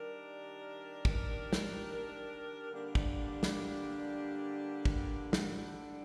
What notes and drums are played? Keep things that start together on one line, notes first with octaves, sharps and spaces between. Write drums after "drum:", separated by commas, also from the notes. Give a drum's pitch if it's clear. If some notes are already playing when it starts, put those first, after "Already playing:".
Already playing: D#3 G3 D4 G4 A#4
drum: kick
drum: snare
D3 G3 A#3 D4 G4
drum: kick
drum: snare
drum: kick
drum: snare
D3 G3 D4